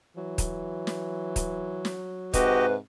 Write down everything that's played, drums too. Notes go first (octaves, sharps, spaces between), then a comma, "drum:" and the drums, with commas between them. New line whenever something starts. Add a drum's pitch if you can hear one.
E3 F#3
drum: kick, hi-hat
drum: snare
drum: kick, hi-hat
drum: snare
G#2 C3 F#4 G4 B4 D#5, drum: kick, hi-hat